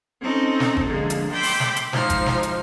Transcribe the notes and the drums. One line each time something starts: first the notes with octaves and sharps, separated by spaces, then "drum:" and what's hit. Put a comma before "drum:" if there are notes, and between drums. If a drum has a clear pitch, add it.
C4 C#4 D#4 A4
drum: snare
drum: kick G1
D3 F3 G#3 A#3
drum: hi-hat
G5 B5 C6 D6 E6
drum: open hi-hat
drum: snare
drum: hi-hat
G#2 F3 D#4 F6, drum: snare
drum: kick G1, hi-hat
drum: snare
drum: hi-hat